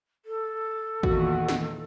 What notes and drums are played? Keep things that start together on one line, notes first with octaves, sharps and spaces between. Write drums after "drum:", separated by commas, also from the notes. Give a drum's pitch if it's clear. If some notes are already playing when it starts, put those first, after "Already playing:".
A4
E2 A#2 D#3 F#4, drum: kick G#1
drum: snare